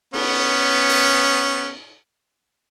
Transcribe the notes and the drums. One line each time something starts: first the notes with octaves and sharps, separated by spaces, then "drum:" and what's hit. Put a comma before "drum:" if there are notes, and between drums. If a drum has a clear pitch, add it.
B3 C#4, drum: cymbal
drum: open hi-hat